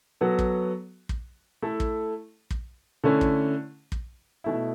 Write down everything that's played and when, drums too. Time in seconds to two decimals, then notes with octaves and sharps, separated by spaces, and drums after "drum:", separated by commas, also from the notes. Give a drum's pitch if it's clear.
0.21 F#3 B3 F#4 A4
0.39 drum: kick
1.09 drum: kick
1.62 A3 E4 A4
1.80 drum: kick
2.51 drum: kick
3.04 D3 A3 C#4 E4
3.21 drum: kick
3.92 drum: kick
4.44 B2 A3 E4